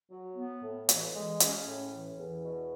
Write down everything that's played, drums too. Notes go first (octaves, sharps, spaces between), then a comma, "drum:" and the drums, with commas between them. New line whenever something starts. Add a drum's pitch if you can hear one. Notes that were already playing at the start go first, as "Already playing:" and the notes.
F#3
B3
A2
E3, drum: hi-hat
G#3
C#4, drum: hi-hat
A2
E3
E2
B2